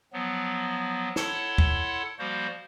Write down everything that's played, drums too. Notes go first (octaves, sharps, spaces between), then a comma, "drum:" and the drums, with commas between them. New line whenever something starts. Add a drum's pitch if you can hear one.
F3 F#3 B3
E4 A4 C#5 F#5 A5 C6, drum: snare
drum: kick
F3 G3 A#3 F#4 C5